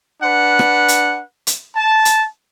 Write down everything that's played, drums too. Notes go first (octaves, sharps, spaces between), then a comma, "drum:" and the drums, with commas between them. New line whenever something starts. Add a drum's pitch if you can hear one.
D4 B4 F#5
drum: rim click
drum: hi-hat
drum: hi-hat
A5
drum: hi-hat